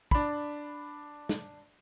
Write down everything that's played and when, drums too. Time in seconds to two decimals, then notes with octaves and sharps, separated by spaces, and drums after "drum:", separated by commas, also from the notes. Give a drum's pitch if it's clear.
0.11 D4 B5, drum: kick
1.29 drum: snare